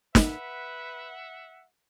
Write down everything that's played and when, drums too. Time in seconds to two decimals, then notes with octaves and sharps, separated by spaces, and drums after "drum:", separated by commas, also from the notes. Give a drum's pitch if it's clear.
0.15 B4 E5 F#5, drum: snare